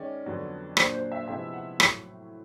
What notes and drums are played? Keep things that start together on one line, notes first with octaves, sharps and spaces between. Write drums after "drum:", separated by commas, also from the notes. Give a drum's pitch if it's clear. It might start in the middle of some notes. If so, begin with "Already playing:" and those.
Already playing: D#3 G#3 C#4 D5
F2 D3 F#3 B3
A#2 F#3 A#3 D4 C5, drum: rim click
C5
E5
C3 F3 G#3 B3 E4 E5
F#5
A2 F#3 A3, drum: rim click